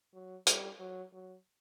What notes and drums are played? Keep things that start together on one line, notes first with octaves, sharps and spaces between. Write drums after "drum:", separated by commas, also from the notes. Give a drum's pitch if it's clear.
F#3
G3, drum: hi-hat
F#3
F#3